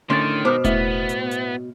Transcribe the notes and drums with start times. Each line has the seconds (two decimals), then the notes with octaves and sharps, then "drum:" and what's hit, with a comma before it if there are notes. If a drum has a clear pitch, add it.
0.10 A2 D3 D#3 C#4 C6 A6
0.45 B2 C5 D6 F6
0.64 A2 B3 E5, drum: kick E1, hi-hat
1.09 drum: hi-hat
1.31 drum: hi-hat